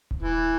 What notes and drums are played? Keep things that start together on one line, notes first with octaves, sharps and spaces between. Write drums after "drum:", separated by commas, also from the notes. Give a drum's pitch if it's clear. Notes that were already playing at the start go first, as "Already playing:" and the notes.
drum: kick D#1
E3